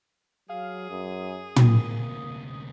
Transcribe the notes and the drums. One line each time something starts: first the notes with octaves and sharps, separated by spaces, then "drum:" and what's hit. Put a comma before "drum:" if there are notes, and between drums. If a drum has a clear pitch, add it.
F#3 G#4 F5
F#2 D#6
D2 C3 A#3, drum: tom